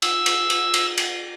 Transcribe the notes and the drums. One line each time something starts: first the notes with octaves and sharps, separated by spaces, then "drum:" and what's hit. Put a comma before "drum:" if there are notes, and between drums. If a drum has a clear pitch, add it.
E6, drum: cymbal
drum: cymbal
drum: cymbal
drum: cymbal
drum: cymbal